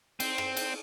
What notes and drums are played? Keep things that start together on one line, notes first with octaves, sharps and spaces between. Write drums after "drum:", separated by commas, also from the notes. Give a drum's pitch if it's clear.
C4, drum: cymbal
drum: rim click
drum: cymbal